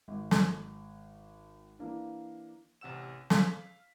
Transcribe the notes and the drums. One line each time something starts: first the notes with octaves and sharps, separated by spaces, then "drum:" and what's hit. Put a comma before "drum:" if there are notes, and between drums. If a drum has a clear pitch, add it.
G#1
drum: snare
E3 A#3 D4
A1 C3 F#5 E6 E7
F5 E6 B6, drum: snare